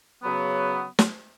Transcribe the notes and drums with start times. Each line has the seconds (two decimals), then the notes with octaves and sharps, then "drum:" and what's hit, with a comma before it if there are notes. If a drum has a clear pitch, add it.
0.23 C#3 F#3 B3
0.99 drum: snare